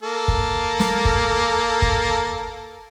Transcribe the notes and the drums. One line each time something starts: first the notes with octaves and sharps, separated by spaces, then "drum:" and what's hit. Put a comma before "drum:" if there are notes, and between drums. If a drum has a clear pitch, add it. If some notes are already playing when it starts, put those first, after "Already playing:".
A#3 A4
drum: kick
drum: snare
drum: kick
drum: kick